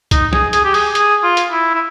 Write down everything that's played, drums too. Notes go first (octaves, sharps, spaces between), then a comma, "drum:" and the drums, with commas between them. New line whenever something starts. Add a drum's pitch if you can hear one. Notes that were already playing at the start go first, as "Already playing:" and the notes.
D#4, drum: kick C2, hi-hat
G#4, drum: snare
G#4, drum: hi-hat
G4
G#4, drum: open hi-hat
G#4, drum: hi-hat
F4
drum: hi-hat
E4
E4